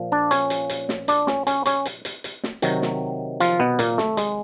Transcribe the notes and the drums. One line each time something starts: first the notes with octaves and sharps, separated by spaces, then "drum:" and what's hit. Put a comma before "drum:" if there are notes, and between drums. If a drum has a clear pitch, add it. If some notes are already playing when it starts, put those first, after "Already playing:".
Already playing: A#2 F3
D4 D5
C#4 C#5, drum: hi-hat
drum: hi-hat
drum: hi-hat
drum: snare
D4 D5, drum: hi-hat
C#4 C#5, drum: snare
C#4 C#5, drum: hi-hat
C#4 C#5, drum: hi-hat
drum: hi-hat
drum: hi-hat
drum: hi-hat
drum: snare
C3 D#3 F#3, drum: hi-hat
drum: snare
F3 F4, drum: hi-hat
B2 B3
A#2 A#3, drum: hi-hat
A3, drum: snare
G#3, drum: hi-hat